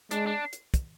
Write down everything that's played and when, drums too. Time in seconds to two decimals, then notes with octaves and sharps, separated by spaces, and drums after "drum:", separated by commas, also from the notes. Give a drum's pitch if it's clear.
0.11 G#3 D4, drum: hi-hat
0.27 D4
0.53 drum: hi-hat
0.74 drum: kick, hi-hat